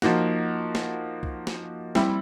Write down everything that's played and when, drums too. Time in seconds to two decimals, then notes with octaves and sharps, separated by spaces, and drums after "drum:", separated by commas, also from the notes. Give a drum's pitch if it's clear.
0.02 F3 A#3 D#4 F#4, drum: snare
0.75 drum: snare
1.23 drum: kick C2
1.47 drum: snare
1.95 G3 C4 E4, drum: snare